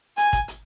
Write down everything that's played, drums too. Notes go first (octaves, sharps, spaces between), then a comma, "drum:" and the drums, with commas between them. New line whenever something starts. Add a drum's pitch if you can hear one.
G#5, drum: hi-hat
drum: kick, hi-hat
drum: hi-hat